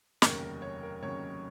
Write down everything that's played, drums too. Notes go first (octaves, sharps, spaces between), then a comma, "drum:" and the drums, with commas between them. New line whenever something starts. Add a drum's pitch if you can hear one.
F1 D#2 C#3 F#3 A#4, drum: snare
A#4
C#5
A#4
F1 D#2 C#3 F#3 C#5